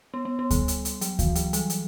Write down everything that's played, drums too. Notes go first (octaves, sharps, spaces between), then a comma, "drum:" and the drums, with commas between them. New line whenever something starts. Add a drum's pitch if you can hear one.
B3
B3
B3
G3, drum: kick D2, hi-hat
drum: hi-hat
drum: hi-hat
F#3, drum: hi-hat
E3, drum: kick D2, hi-hat
F#3, drum: hi-hat
G3, drum: hi-hat
drum: hi-hat